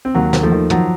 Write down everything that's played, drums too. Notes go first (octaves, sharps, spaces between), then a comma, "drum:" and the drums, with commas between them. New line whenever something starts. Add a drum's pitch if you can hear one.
C4
D#2 F#3 A#3
D#2, drum: snare
F3 A3
D#3
F3 F#3, drum: tom